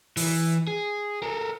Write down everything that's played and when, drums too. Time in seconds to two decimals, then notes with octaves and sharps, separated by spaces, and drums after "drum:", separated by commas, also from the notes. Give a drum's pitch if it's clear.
0.17 E3, drum: open hi-hat
0.67 G#4
1.22 A4 A#4